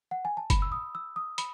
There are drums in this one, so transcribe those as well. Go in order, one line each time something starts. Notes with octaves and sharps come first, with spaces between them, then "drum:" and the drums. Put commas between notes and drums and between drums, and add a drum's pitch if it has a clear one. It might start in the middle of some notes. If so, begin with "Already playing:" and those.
F#5
G#5
A5
B5, drum: kick F#1, hi-hat
E6
D#6
E6
D#6
B5, drum: hi-hat